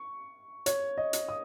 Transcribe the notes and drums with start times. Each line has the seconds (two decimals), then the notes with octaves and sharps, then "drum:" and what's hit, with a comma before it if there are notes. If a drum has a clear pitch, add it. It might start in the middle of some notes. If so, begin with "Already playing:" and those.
Already playing: C#6
0.66 C#5, drum: hi-hat
0.98 D#5
1.13 drum: hi-hat
1.29 D#6